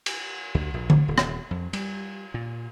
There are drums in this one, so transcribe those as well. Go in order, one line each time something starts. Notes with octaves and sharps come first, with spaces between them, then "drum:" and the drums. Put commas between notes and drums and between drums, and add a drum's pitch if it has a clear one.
drum: cymbal
D2
A#1
drum: tom D3
D#1
drum: rim click
F2
G3, drum: cymbal
A#2